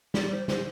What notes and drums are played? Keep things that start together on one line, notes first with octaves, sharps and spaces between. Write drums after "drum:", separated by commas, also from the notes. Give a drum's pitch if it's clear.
G3 D5, drum: snare
G3 C5
D3 C5, drum: snare